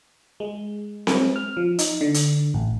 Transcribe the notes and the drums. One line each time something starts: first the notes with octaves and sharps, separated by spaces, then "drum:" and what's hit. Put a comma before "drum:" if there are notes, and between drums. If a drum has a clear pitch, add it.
G#3
drum: snare C4
F6
F3
D#4, drum: hi-hat
D3
drum: hi-hat
A1